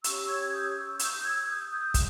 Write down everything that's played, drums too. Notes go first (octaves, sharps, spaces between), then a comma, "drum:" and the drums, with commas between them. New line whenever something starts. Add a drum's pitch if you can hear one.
C#4 G4 C#5 C#6 E6, drum: hi-hat
E6 G#6
D#6 G6
C#6 E6
D#6 G6, drum: hi-hat
E6 G#6
D#6 G6
D#6 G6
drum: kick, hi-hat